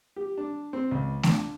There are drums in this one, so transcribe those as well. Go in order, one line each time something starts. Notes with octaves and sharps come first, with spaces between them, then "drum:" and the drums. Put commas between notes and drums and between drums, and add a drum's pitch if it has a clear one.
G4
D4
C4
C#2
D4, drum: snare A3